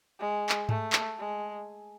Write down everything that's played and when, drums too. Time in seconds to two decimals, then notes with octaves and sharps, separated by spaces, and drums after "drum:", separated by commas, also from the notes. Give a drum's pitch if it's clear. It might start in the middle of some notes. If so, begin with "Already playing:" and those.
0.20 G#3
0.49 drum: clap
0.69 A3, drum: tom G#2
0.93 drum: clap
1.19 G#3